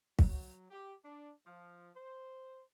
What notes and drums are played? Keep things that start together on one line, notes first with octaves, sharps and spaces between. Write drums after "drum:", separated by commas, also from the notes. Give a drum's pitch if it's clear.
F#3, drum: kick
G4
D4
F3
C5